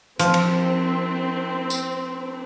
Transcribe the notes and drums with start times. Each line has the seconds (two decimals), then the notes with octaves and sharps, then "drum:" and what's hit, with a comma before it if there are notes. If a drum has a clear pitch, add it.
0.19 F3 C4, drum: hi-hat
0.34 drum: cymbal
1.70 drum: tambourine